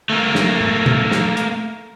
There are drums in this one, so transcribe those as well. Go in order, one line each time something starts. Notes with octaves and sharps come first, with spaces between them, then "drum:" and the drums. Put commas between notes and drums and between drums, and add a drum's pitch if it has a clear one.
A3 A#3
drum: snare
drum: tom A2
drum: tom A#2
drum: snare
drum: hi-hat